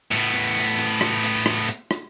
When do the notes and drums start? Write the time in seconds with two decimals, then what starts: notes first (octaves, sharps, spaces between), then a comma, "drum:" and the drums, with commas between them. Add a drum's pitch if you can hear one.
0.11 A2 B3, drum: hi-hat
0.34 drum: hi-hat
0.56 drum: open hi-hat
0.78 drum: hi-hat
1.01 drum: rim click
1.23 drum: hi-hat
1.46 drum: rim click
1.68 drum: hi-hat
1.91 drum: rim click